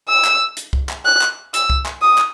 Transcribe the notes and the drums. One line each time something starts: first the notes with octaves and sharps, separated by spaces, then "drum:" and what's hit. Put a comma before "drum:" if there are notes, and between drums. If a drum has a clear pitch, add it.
E6
drum: clap
drum: hi-hat
drum: kick C2
drum: clap
F#6
drum: clap
E6, drum: hi-hat
drum: kick C2
drum: clap
D#6
drum: clap